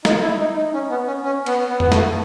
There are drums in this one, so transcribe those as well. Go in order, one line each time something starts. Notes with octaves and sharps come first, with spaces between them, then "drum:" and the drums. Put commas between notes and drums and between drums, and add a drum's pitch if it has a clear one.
D#4, drum: snare
E4
D#4
D#4
C#4
B3
C#4
C#4
B3, drum: cymbal
B3
B3, drum: tom F2
A3, drum: snare